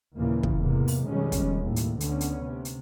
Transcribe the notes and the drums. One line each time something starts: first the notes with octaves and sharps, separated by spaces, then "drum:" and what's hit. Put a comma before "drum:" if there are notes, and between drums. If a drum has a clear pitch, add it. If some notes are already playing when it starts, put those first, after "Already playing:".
D#2 A#2 C#3 E3 A#3
drum: kick
E2 G#2 C3 A#3
drum: open hi-hat
F2 B2 D#3 G3 G#3 C#4
drum: kick, hi-hat
D#2 A2
drum: hi-hat
D2 D3 B3 C#4, drum: hi-hat
drum: hi-hat
C3
drum: hi-hat